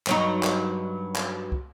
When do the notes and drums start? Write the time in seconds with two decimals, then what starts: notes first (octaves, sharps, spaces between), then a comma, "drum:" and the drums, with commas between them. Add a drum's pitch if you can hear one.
0.07 G2 F#3 D#4, drum: clap
0.43 drum: clap
1.16 drum: clap
1.52 drum: kick